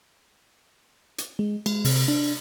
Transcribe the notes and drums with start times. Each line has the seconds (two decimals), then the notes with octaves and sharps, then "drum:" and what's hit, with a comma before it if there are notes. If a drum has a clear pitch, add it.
1.18 drum: hi-hat
1.39 G#3
1.66 G#3, drum: cymbal
1.85 C3, drum: open hi-hat
2.08 D4